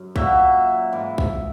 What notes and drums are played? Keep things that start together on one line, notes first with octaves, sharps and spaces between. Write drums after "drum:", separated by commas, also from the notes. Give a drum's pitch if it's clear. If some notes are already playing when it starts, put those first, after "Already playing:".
Already playing: F#2
A#2 F#3 E5, drum: kick B1
G#2 E3
drum: kick B1